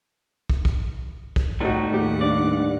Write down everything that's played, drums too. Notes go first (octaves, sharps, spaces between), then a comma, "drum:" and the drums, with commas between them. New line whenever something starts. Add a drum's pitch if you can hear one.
drum: kick
drum: kick
drum: kick
A2 G3 A3 D#4 F#4
D#2 A2 F#4 G4 F#5
G2 D5